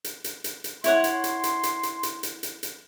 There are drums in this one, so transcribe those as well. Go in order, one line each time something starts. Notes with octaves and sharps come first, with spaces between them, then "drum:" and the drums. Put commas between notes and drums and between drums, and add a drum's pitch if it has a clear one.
drum: hi-hat
drum: hi-hat
drum: hi-hat
drum: hi-hat
E4 C#5 F#5 C6, drum: hi-hat
drum: hi-hat
drum: hi-hat
drum: hi-hat
drum: hi-hat
drum: hi-hat
drum: hi-hat
drum: hi-hat
drum: hi-hat
drum: hi-hat